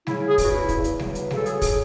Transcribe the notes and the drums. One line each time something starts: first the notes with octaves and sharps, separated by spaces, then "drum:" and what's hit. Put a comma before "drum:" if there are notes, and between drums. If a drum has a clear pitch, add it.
C#3 E4, drum: snare G3
G#4
E2 F#4, drum: kick, open hi-hat
E4
E2, drum: kick, hi-hat
drum: hi-hat
F#3, drum: snare G3
drum: hi-hat
C#3 A4, drum: snare G3
G#4, drum: hi-hat
G#4, drum: kick, open hi-hat